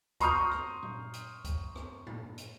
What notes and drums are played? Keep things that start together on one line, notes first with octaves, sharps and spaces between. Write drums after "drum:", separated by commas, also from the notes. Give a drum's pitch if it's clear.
A#5 C6 C#6 D#6 F6 G6, drum: kick C#2, hi-hat
drum: rim click
drum: tom A#2
drum: hi-hat
drum: kick C#2, hi-hat
drum: rim click
drum: tom
drum: hi-hat